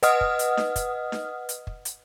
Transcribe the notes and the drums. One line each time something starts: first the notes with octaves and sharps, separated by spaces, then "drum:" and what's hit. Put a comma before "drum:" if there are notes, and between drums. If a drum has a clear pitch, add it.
B4 D#5 F#5 D#6 F6, drum: hi-hat
drum: kick
drum: hi-hat
drum: snare D#4
drum: kick, hi-hat
drum: snare D#4
drum: hi-hat
drum: kick
drum: hi-hat